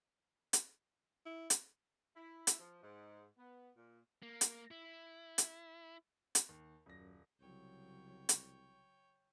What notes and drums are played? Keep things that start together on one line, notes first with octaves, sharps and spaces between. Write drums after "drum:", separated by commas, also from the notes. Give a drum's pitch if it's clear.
drum: hi-hat
E4
drum: hi-hat
E4
drum: hi-hat
F3
G#2
B3
A#2
A#3
drum: hi-hat
E4
drum: hi-hat
drum: hi-hat
D#2
D#1 F#2 A#6
C2 C#3 F#3 C#5 G5
drum: hi-hat